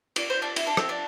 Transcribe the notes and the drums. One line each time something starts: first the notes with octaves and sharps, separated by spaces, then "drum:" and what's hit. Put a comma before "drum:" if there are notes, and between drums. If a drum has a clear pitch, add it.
D5, drum: cymbal
C5
D4
E4, drum: cymbal
D4
C4, drum: rim click
D4